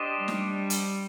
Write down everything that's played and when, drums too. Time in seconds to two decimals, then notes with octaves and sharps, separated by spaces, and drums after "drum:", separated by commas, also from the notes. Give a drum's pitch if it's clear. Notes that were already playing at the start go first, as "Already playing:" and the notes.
Already playing: D4 G4 C5 D#5
0.17 G3
0.28 drum: snare
0.70 drum: hi-hat